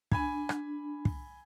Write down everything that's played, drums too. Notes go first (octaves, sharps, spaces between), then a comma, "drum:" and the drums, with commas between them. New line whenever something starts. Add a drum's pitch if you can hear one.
D4 G#5 B5 G#6, drum: kick
drum: rim click
drum: kick